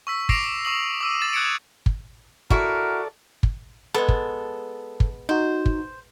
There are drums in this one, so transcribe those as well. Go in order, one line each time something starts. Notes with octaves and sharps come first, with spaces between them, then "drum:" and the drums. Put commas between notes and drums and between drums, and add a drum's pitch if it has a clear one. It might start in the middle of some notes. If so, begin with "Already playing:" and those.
C#6 E6 B6
D6 A#6 C7 D7 F7, drum: kick
C#6 D#6 F#7
D6 E6 D#7
A6 E7
D#6 F#6 G#6 A6 C#7 D7
drum: kick
E4 F#4 A4 A#4 D5, drum: kick
drum: kick
G#3 B3 A4
drum: kick
drum: kick
D#4 F#4 C5
drum: kick